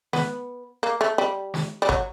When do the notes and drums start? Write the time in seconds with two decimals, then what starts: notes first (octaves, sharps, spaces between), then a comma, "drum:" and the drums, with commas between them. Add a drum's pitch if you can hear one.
0.13 B3, drum: snare
0.83 A#3
1.01 A3
1.18 G3
1.54 drum: snare
1.82 G3
1.89 F#3, drum: kick G#1